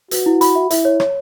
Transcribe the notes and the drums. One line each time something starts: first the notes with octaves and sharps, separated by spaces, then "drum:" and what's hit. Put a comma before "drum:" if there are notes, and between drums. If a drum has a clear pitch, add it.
F#4 B4, drum: hi-hat
E4
B5, drum: hi-hat
E5
E4 E5, drum: hi-hat
C#5
C#5, drum: rim click